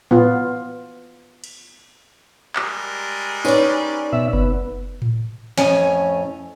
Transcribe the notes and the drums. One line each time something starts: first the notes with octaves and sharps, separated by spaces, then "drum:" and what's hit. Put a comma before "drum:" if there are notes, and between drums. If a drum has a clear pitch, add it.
B3 F4, drum: tom A2
drum: cymbal
G3 G#3 A#4, drum: clap
C#4 D#4 B4 D5, drum: tambourine
B2 E5
B3, drum: kick F#1
drum: tom A2
F2 A2 C#4 G#5, drum: snare